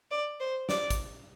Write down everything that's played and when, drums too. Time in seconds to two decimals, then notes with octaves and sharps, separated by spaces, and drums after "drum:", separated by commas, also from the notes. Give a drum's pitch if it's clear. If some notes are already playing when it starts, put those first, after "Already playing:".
0.11 D5
0.40 C5
0.69 D5, drum: snare
0.90 drum: kick, hi-hat